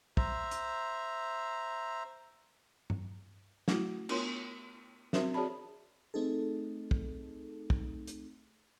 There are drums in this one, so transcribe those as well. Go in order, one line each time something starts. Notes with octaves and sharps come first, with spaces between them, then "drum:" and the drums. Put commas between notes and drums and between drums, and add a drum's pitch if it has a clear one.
C5 E5 A#5, drum: kick
drum: hi-hat
drum: tom G2
A3 E4 F#4, drum: snare
B3 D4 F4 A#4 C#5 C6, drum: cymbal
C4 D4 F#4 A#4 C5 E5, drum: snare
F#4 G#4 C#5 D5 A5 B5
A3 C4 D#4 G#4 A4
drum: kick
drum: kick
drum: hi-hat